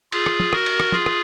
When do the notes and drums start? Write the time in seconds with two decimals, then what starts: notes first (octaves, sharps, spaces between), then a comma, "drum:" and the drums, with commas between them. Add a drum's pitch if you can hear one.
0.12 F4 G#4, drum: cymbal
0.26 drum: rim click
0.40 drum: tom
0.53 F#4 A#4, drum: rim click
0.66 drum: cymbal
0.80 drum: rim click
0.92 F4 G#4, drum: tom
1.06 drum: rim click